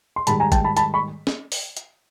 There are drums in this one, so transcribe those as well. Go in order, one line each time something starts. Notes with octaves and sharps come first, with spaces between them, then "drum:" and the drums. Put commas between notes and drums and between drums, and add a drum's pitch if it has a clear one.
C6
G#2 D#3 G3 A5 B5, drum: hi-hat
G#5 A#5
G5 A5, drum: kick, hi-hat
A5 B5
A5 B5, drum: hi-hat
B5 C#6
drum: snare
drum: open hi-hat
drum: hi-hat